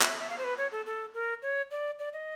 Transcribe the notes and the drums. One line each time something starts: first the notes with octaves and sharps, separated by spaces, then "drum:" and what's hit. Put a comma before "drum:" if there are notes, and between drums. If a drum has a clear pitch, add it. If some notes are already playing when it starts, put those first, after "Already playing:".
E5, drum: clap
E5
F5
C5
B4
C#5
A4
A4
A#4
C#5
D5
D5
D#5